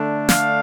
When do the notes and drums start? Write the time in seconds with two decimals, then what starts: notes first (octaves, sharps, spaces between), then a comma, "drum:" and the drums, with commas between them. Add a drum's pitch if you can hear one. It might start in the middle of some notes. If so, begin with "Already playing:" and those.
Already playing: D3 A3 D4
0.29 F5, drum: snare